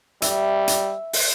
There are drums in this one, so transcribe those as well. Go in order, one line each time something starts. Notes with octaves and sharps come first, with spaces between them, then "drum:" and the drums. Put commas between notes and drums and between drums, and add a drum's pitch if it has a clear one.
G3 E5, drum: hi-hat
drum: hi-hat
drum: open hi-hat